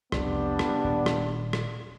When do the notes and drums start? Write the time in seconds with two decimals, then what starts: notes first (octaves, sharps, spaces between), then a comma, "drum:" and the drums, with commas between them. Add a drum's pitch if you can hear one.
0.12 F1 C2 G3 B3 D4, drum: rim click
0.59 drum: rim click
0.84 D#1
1.06 drum: rim click
1.53 drum: rim click